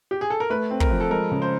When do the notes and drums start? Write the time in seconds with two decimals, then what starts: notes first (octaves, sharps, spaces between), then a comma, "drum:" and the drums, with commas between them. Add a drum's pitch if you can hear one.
0.11 G4
0.21 G#4
0.30 A4
0.40 A#4
0.50 A3 B4
0.70 C4
0.80 A#4, drum: kick
0.91 F3
1.01 A4
1.10 G#3 A#4
1.31 C#3
1.42 C5